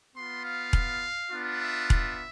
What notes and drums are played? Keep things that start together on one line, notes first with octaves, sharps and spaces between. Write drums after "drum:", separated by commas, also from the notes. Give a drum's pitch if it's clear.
B3 F4 C6
F5
drum: kick E1
B3 D4 F4
E5
E5, drum: kick E1